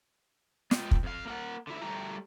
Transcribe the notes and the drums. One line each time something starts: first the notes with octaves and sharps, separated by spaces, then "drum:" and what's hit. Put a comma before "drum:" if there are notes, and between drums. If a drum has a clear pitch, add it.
G#3 B3 F4 D#5 G5, drum: snare
drum: kick
F2 F5
A#3 A#4 F#5
D3 E4
G3 A3 G4 A#5